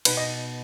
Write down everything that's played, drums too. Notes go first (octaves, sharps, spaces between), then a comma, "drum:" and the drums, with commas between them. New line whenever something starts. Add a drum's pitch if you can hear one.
B2 B3 D#4 B4, drum: cymbal
D#5